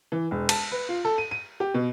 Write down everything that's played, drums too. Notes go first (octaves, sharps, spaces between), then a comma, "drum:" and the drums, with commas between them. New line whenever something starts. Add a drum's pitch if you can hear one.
E3
E1
A5, drum: cymbal
B4
F4
A4
D#7
D#7
G4
B2